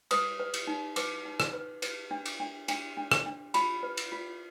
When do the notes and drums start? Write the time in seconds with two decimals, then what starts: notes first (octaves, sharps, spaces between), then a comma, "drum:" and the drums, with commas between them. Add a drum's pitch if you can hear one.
0.11 B4 D#6, drum: cymbal
0.40 B4
0.54 drum: cymbal
0.67 D#4
0.96 B4 D6, drum: cymbal
1.25 D#4
1.40 drum: rim click
1.53 B4
1.82 B4, drum: cymbal
2.11 D4
2.26 drum: cymbal
2.40 D4
2.68 D4, drum: cymbal
2.97 D4
3.12 drum: rim click
3.26 D4
3.54 F4 B5, drum: cymbal
3.83 B4
3.97 drum: cymbal
4.12 F4